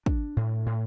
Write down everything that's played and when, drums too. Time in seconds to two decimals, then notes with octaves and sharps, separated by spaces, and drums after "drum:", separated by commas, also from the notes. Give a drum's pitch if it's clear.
0.06 D4, drum: kick
0.37 A2
0.66 A2